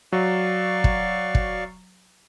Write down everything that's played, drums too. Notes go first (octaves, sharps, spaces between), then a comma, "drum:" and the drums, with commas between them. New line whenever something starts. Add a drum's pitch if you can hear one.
F#3 D5 F5 C#6
drum: kick
drum: kick